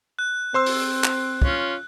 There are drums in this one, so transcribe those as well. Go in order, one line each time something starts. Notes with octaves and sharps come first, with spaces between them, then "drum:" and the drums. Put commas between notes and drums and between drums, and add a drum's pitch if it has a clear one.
F#6
C4 C5 C6 E6
drum: open hi-hat
drum: clap
C#4 F4, drum: kick